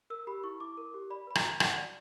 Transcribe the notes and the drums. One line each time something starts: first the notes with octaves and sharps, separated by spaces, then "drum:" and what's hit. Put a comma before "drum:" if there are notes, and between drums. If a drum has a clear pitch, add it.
A#4 E6
G4 B5
E4 C#6
E4 D6
A#4
G4
D5 B5
B4 B5
A#5, drum: rim click
F#4
F#4 F#5, drum: rim click
D5